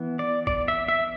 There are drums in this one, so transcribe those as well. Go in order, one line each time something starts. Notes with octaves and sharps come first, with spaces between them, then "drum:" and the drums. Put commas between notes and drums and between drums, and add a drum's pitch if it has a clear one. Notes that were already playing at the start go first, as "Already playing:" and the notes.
Already playing: E3 B3
D5
D5, drum: kick
E5
E5